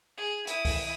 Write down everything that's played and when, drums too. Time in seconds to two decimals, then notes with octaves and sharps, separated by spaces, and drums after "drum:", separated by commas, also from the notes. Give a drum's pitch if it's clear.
0.17 G#4
0.47 E4 D#6, drum: hi-hat
0.65 drum: kick C#2, open hi-hat